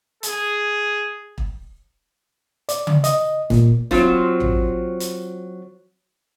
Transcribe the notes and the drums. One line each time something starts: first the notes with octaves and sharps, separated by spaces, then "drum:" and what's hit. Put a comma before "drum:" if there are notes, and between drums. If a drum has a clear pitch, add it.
G#4, drum: hi-hat
drum: kick
D5, drum: hi-hat
drum: tom C#3
D#5, drum: hi-hat
A#2, drum: snare
F#3 C4 F4 C5, drum: snare
drum: tom A1
drum: hi-hat